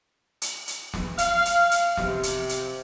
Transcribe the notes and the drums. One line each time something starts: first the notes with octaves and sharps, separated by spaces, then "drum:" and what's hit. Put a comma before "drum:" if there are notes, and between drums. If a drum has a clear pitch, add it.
drum: hi-hat
drum: hi-hat
drum: snare
F5, drum: hi-hat
drum: hi-hat
drum: hi-hat
C3, drum: snare
drum: hi-hat
drum: hi-hat